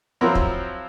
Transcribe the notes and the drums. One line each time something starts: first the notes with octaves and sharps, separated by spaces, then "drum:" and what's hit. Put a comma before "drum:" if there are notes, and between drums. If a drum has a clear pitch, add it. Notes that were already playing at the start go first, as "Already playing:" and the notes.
F3 F#3 C4 E4 A#4
drum: kick